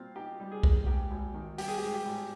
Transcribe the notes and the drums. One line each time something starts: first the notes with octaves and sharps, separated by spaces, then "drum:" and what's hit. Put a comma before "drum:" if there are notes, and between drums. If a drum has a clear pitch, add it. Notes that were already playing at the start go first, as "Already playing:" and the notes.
Already playing: A#2 G3 C4 F4
D#4 G4
G3
G#4
A#2, drum: kick B1
G#2 G4
G#1
D#3
G3 G4, drum: open hi-hat
G#4
G#2 G4
G4
G#1